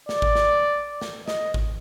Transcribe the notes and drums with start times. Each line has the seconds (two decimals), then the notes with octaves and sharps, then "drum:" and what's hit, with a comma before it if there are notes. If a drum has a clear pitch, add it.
0.09 D5, drum: snare
0.22 drum: kick G#1
0.35 drum: snare
1.01 drum: snare
1.28 D#5, drum: snare
1.54 drum: kick G#1